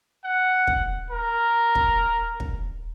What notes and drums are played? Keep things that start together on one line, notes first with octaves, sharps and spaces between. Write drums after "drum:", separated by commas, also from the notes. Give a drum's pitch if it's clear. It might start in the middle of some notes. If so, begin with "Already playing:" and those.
F#5
drum: kick
A#4
drum: kick
drum: kick